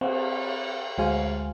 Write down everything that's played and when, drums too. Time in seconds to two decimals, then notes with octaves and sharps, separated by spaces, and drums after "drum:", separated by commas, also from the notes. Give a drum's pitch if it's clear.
0.01 C4, drum: cymbal
0.98 D2 G#3 F#4 C5 F5 G#5